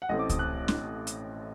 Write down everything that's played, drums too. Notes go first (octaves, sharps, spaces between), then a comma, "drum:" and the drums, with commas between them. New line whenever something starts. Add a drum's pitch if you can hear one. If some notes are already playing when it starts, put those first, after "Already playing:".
F#5
A1 A2 A3 C4 D#5
D6
D#6, drum: kick C#2, hi-hat
F#6
drum: snare
drum: hi-hat